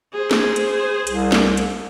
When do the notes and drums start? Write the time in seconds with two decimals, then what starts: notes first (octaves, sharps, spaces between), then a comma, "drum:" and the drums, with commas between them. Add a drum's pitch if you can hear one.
0.13 G#4 C5
0.31 drum: snare
0.56 drum: hi-hat
1.07 C2, drum: hi-hat
1.32 drum: snare
1.57 drum: hi-hat